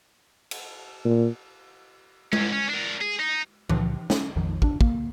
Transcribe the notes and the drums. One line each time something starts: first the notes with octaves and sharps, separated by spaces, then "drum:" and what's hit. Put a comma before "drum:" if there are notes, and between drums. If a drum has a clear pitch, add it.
drum: cymbal
A#2
G#2 C#4, drum: tom G#3
C#4
D4 A#4
G#4
D#4
C#2 A#2 D3 F3, drum: tom E3
C#4, drum: snare
A#1 F2 D#3 F3
E1 D4, drum: kick
A#3, drum: kick